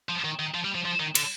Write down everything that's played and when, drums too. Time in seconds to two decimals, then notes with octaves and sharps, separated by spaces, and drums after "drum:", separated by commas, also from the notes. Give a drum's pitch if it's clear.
0.09 F3
0.24 D#3
0.39 D#3
0.54 F3
0.65 G3
0.75 F3
0.85 F3
1.00 D#3
1.15 D3, drum: cymbal